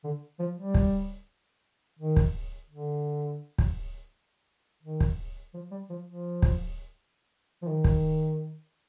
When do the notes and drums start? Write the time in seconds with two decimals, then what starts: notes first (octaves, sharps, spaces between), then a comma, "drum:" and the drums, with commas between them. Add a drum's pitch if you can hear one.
0.04 D3
0.39 F3
0.57 G3
0.74 drum: kick
1.99 D#3
2.16 drum: kick
2.70 D3
3.58 drum: kick
4.83 D#3
5.00 drum: kick
5.54 F3
5.71 G3
5.90 F3
6.07 F3
6.42 drum: kick
7.62 F3
7.67 D#3
7.84 drum: kick